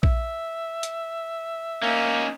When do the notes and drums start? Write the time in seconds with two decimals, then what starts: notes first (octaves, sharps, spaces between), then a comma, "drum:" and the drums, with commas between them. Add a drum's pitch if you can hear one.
0.03 E5, drum: kick A#1
0.83 drum: hi-hat
1.82 A#3 C#4 D#4